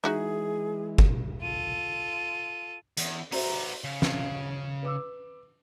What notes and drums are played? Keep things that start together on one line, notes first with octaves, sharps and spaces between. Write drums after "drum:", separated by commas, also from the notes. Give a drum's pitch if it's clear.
E3 G#3 D#4 F#4 G#4 E5
drum: kick G1
F4 A4 D#7
E2, drum: hi-hat
B3 F#4 C5 E5 A#5, drum: open hi-hat
C#3
drum: snare
B4 D6 E6